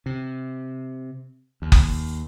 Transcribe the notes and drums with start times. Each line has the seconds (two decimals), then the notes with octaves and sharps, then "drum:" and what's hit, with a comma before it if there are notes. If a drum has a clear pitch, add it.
0.06 C3
1.62 D#2
1.72 drum: kick F#1